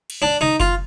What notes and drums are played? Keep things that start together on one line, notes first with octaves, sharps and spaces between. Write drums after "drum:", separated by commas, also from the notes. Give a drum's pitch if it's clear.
drum: cymbal
D4
D#4
F4, drum: kick F#1